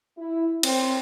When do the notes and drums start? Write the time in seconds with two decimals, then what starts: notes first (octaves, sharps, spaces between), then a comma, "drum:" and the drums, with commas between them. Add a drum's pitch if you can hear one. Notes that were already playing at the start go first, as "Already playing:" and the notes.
0.17 E4
0.63 C4, drum: cymbal